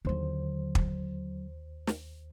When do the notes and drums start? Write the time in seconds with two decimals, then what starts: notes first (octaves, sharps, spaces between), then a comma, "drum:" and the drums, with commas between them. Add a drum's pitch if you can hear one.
0.05 D#2 D3 F#3 C5
0.75 drum: kick
1.87 drum: snare